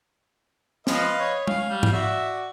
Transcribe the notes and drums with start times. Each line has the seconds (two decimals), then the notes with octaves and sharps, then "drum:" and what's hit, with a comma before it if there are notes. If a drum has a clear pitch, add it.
0.87 F3 B4 D#5 F5, drum: snare
1.20 C#5
1.47 C#4 F5, drum: tom G#3
1.69 G3
1.83 drum: tom G#2
1.93 F#4 D5 E5